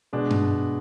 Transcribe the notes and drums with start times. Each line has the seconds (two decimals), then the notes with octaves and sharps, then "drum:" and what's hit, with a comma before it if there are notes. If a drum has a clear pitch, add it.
0.13 B2 G#3 D4
0.31 drum: tom G2